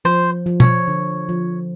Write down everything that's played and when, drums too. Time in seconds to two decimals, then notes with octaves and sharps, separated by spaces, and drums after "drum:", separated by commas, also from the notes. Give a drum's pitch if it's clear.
0.05 F3 C5
0.46 F3
0.60 C#5, drum: tom
0.88 D3
1.29 F3